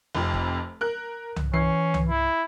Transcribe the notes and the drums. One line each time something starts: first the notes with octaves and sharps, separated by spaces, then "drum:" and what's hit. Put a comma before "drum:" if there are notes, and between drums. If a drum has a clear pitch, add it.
F1 F2
drum: kick F#1
A#4 F#6
drum: tom C2
E3 C#4 C7
drum: tom C2
E4